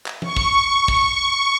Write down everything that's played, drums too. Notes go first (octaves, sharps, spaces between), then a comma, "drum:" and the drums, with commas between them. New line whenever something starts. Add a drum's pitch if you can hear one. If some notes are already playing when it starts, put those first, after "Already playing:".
drum: clap
C#6, drum: tom E3
drum: kick
drum: kick